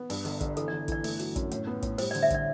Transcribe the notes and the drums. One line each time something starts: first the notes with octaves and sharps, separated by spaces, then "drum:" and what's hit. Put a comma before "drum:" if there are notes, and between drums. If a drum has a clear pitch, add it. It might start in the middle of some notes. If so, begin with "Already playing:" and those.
Already playing: B3
G2, drum: open hi-hat
G1, drum: hi-hat
G1, drum: kick, hi-hat
E3 A4, drum: hi-hat
D5
G1
E3 D5, drum: kick, hi-hat
A3, drum: open hi-hat
F#3, drum: hi-hat
F#2, drum: kick, hi-hat
A2, drum: hi-hat
B3
A2, drum: kick, hi-hat
G3 C5, drum: open hi-hat
D5
D3, drum: hi-hat
E5
D3 D5, drum: kick, hi-hat